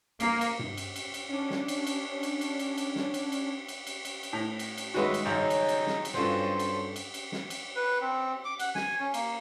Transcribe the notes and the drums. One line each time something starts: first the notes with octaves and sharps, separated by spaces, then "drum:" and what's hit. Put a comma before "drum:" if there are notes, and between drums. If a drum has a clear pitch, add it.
A#3, drum: cymbal
drum: cymbal
drum: tom G2
drum: cymbal
drum: cymbal
drum: cymbal
C#4 D4
drum: snare
drum: cymbal
drum: cymbal
drum: cymbal
drum: cymbal
drum: cymbal
drum: cymbal
drum: snare
drum: cymbal
drum: cymbal
drum: cymbal
drum: cymbal
drum: cymbal
drum: cymbal
A2
drum: cymbal
drum: cymbal
D#2 G#3 C#4 F#4 B4 E5
drum: cymbal
G#1 F#2 C#3 F#3 D#4
drum: cymbal
drum: cymbal
drum: snare
drum: cymbal
G2 F#3 C#4 F4 A4 C5
drum: cymbal
drum: cymbal
drum: cymbal
drum: snare
drum: cymbal
B4
C4
D6
F#5, drum: cymbal
G#5, drum: snare
C#4
A#3, drum: cymbal